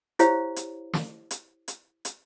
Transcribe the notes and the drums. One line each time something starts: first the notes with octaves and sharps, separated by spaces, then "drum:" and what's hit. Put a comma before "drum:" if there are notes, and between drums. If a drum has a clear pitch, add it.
E4 G4 C5 C#5 F5, drum: hi-hat
drum: hi-hat
drum: snare
drum: hi-hat
drum: hi-hat
drum: hi-hat